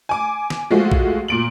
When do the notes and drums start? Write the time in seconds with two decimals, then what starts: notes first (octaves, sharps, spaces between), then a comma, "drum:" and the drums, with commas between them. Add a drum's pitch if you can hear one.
0.09 G#5 D6
0.50 drum: snare
0.70 F3 G#3 A3 F4 F#4
0.92 drum: kick A#1
1.28 A#2 D7 F#7